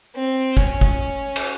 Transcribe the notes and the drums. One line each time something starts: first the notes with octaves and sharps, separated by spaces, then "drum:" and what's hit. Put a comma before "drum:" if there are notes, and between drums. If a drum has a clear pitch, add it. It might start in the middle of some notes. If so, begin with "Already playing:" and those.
C4
C#4, drum: kick
drum: kick
drum: cymbal